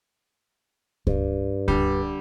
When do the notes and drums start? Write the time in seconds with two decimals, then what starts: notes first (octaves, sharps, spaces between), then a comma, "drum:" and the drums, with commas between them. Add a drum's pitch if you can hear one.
1.07 G2, drum: kick C#2
1.68 D3 G3, drum: kick C#2